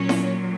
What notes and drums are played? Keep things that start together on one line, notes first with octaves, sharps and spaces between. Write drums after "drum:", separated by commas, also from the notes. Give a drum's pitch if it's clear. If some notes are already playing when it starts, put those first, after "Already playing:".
Already playing: A#2 F#3 C#4
drum: snare E4